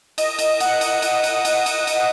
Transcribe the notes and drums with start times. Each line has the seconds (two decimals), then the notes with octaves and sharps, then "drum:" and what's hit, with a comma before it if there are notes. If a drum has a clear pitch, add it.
0.18 D#5, drum: cymbal
0.39 drum: cymbal
0.60 F#5, drum: cymbal
0.81 drum: cymbal
1.02 drum: cymbal
1.24 drum: cymbal
1.45 drum: cymbal
1.66 drum: cymbal
1.87 drum: cymbal